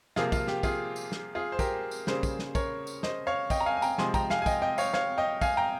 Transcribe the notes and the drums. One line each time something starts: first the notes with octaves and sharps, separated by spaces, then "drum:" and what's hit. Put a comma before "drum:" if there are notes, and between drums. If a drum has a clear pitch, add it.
C3 F3 A#3 F4 G#4, drum: snare
F4, drum: kick, tambourine
G4, drum: snare
F4 G#4, drum: kick, tambourine
drum: tambourine
drum: snare
F4 G#4
C5
G4 A#4, drum: kick, tambourine
drum: tambourine
C#3 G3 A#3 G#4 C5, drum: snare
drum: kick, tambourine
drum: snare
A#4 C#5, drum: kick, tambourine
drum: tambourine
C5 D#5, drum: snare
C#5 F5
D#5 G5, drum: kick, tambourine
A#5
F5 G#5
G#5
G5 A#5, drum: tambourine
C3 F3 G#3 G#5 C6, drum: snare
G5 A#5, drum: kick, tambourine
F5 G#5, drum: snare
G#5
D#5 G5, drum: kick, tambourine
D#5 G5
C#5 F5, drum: tambourine
C#5 F5, drum: snare
D#5 G5
F5 G#5, drum: kick, tambourine
G5 A#5